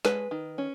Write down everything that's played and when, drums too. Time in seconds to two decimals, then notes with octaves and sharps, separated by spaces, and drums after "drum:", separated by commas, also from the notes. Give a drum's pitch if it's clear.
0.05 G#3 B4, drum: snare
0.31 D#3
0.58 C#4